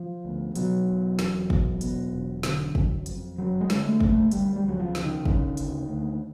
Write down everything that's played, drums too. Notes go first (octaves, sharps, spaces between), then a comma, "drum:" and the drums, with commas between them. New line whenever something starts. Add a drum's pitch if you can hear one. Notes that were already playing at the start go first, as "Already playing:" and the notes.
Already playing: F3
D2
B2 F#3, drum: hi-hat
E1
E2, drum: snare
E1, drum: kick
B2, drum: hi-hat
E1
D3, drum: snare
F#1, drum: kick
F2, drum: hi-hat
F#1 F#3
G#3
D3, drum: snare
A3
F#1, drum: kick
A3
D2 G3, drum: hi-hat
G3
D2 F#3
F3
C#3, drum: snare
D#3
C#3, drum: kick
D2, drum: hi-hat
D2